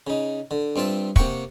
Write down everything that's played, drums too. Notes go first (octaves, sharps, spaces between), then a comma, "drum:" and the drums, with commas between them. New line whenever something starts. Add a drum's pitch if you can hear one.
C#3 D#4
D3
G2 C4 F4 E5 A5
C3 A#3 F#5 G5 C#6, drum: kick